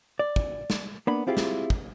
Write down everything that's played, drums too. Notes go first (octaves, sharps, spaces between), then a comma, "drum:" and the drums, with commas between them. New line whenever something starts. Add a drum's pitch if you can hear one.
D5
drum: kick
drum: snare
A#3 B3 D4 B5
C4 E4 F4 G4 G#4
drum: snare
drum: kick